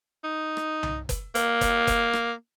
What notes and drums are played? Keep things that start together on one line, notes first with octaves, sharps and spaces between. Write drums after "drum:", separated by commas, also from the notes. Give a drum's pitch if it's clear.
D#4
drum: rim click
drum: tom C2
drum: kick F#1, hi-hat
A#3, drum: hi-hat
drum: kick F#1, hi-hat
drum: kick F#1, hi-hat
drum: rim click